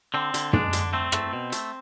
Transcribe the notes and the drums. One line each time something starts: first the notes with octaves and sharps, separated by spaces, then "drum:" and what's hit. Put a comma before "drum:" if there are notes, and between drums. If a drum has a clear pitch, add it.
D3 C4
D3, drum: hi-hat
G#3 D4, drum: tom
D3, drum: hi-hat
A3 C4
A3, drum: rim click
B2
A3, drum: hi-hat